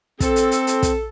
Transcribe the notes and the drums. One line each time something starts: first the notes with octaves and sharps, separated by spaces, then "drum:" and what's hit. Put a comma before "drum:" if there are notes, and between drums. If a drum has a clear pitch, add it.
C4 A4, drum: kick, hi-hat
drum: hi-hat
drum: hi-hat
drum: hi-hat
drum: kick, hi-hat